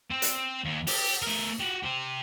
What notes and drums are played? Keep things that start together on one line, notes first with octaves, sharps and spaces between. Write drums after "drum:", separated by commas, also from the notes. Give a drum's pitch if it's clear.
C4
drum: hi-hat
D#2
G4, drum: open hi-hat
A3 A#4
F#4 G4
G4 C5